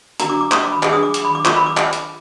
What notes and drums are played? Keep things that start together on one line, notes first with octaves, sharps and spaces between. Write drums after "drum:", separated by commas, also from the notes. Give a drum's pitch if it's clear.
D4 F#4 A#4 A#5, drum: hi-hat
D6
D6
D#6, drum: clap
D6
B5
D4 G#4 B4, drum: clap
D#6
D6
D6, drum: hi-hat
B5
D6
F4 A#4 D6, drum: clap
B5
D6
drum: clap
drum: hi-hat